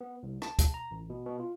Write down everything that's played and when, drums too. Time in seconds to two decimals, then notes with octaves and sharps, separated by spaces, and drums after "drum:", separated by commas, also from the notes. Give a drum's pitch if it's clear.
0.01 B3
0.23 C2
0.42 A5, drum: rim click
0.59 drum: kick, hi-hat
0.74 A#5
0.91 A1
1.10 B2
1.26 B2
1.40 F4